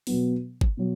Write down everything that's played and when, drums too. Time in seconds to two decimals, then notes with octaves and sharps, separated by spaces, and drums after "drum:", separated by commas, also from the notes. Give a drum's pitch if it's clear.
0.07 B2 F#3 B3, drum: open hi-hat
0.61 drum: kick
0.77 B2 F#3